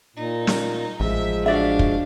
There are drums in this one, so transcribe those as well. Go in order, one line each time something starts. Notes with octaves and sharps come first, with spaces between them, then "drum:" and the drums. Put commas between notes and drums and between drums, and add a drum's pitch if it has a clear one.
A#2 D#4
drum: snare
A1 F3 G#3 E5
D4 F#4 D5 E5 F5
drum: kick